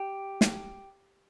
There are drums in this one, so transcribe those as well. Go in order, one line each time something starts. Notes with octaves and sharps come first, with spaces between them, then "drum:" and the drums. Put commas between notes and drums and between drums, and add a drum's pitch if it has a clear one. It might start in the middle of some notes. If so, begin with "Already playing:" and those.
Already playing: G4
drum: snare